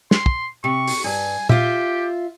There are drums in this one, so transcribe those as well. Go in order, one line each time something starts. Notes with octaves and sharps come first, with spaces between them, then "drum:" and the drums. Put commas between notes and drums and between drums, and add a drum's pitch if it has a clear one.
C6, drum: snare
drum: kick
C3 C#6
drum: open hi-hat
G2 G#5
F4 G4 E5, drum: tom